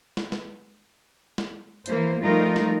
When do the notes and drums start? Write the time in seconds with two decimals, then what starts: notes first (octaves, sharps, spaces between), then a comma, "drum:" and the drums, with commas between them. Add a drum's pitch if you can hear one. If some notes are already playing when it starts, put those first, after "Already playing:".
0.17 drum: snare
0.32 drum: snare
1.38 drum: snare
1.86 E3 A#3 C5, drum: hi-hat
2.20 F3 G3 A3 D#4 F4 A#4
2.56 drum: snare